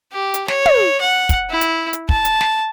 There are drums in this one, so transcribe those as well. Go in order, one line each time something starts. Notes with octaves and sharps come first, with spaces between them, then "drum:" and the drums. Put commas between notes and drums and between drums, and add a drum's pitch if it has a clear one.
G4
drum: hi-hat
C#5, drum: snare
drum: tom
F#5
drum: kick, hi-hat
E4
drum: hi-hat
drum: hi-hat
A5, drum: kick
drum: hi-hat
drum: snare